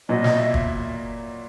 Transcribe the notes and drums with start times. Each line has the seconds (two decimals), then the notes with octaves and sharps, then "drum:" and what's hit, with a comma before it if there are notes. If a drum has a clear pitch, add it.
0.09 A#2 F#3 B3 F#4 D#5
0.24 drum: snare
0.39 E5
0.54 drum: kick